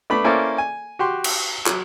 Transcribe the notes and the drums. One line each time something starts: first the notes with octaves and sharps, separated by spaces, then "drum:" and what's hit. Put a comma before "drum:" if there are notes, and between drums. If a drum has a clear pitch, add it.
A3 B3 D4 B5
A#3 C#4 E4 A4 C5 D5
G#5
F#4 G4 C6
drum: cymbal
F#3, drum: clap